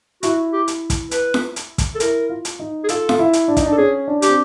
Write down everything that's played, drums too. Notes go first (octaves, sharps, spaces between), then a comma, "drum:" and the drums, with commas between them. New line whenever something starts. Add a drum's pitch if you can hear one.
E4 F#4, drum: hi-hat
G4
drum: hi-hat
drum: kick, hi-hat
B4, drum: hi-hat
drum: snare F4
drum: hi-hat
drum: kick, hi-hat
A4
E4 A#4, drum: hi-hat
F4
drum: hi-hat
D#4
G#4
F4 A4, drum: hi-hat
F4, drum: snare F4
E4
drum: hi-hat
D4
D#4, drum: kick, hi-hat
D4
A4
C#4 G#4
D4
G4, drum: hi-hat
C4